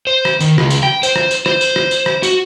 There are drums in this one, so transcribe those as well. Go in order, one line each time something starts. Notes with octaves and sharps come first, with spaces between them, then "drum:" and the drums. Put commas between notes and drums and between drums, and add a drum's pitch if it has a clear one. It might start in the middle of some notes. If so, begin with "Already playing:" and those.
C5
drum: rim click
D#3, drum: tambourine
C#2, drum: rim click
drum: tambourine
G5, drum: rim click
C5, drum: tambourine
drum: rim click
drum: tambourine
C5, drum: rim click
drum: tambourine
drum: rim click
drum: tambourine
drum: rim click
F#4, drum: tambourine